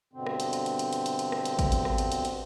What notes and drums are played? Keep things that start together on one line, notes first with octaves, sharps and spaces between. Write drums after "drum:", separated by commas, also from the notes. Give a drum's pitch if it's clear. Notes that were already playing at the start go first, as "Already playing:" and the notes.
G2 B2 D3 C4
drum: rim click
drum: hi-hat
drum: hi-hat
drum: hi-hat
drum: hi-hat
drum: hi-hat
drum: hi-hat
drum: hi-hat
drum: rim click
drum: hi-hat
drum: kick, hi-hat
drum: hi-hat
drum: rim click
drum: hi-hat
drum: hi-hat
drum: hi-hat